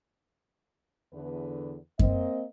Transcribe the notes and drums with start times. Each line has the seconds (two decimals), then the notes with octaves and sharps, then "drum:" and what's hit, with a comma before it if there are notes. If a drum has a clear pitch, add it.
1.14 E2 D3 B4
1.99 A#3 C4 D#5, drum: kick F#2